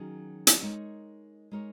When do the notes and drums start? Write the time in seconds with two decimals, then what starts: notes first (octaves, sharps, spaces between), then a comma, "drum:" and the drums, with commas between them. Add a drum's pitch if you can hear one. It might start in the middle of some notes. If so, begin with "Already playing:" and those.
Already playing: D#3 F#3 C#4 G#4
0.47 drum: hi-hat
0.63 G#3 D#4 A#4 C#5
1.51 G#3 D#4 A#4 C#5